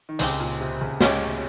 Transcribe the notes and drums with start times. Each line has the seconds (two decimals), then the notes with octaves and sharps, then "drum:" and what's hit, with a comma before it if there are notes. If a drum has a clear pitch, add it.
0.09 D#3
0.19 C#2 C#3 G#3 C4 G4, drum: hi-hat
0.40 A#2
0.61 C3
0.81 C#2 C#3
1.01 C#2 C#3 G#3 C#4 G4 C#5, drum: snare